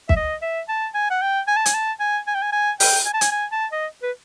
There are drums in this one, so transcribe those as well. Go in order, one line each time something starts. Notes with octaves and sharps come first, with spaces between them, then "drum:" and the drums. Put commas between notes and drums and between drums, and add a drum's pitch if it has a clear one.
E5, drum: kick
D#5
E5
A5
G#5
F#5
G5
G#5
A5
G#5, drum: hi-hat
A5
G#5
G#5
G5
G#5
G#5
G5, drum: open hi-hat
G#5
A5
G#5, drum: hi-hat
G#5
A5
D#5
B4